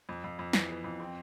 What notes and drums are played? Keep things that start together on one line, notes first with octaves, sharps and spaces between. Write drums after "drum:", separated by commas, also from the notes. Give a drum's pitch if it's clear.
F2
F2
F2
E3, drum: snare
B3
F2
C4